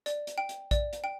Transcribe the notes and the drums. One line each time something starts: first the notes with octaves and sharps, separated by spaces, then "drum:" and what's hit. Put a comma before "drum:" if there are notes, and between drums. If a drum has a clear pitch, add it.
D5, drum: hi-hat
drum: hi-hat
G5
drum: hi-hat
D5, drum: kick A#1, hi-hat
drum: hi-hat
G5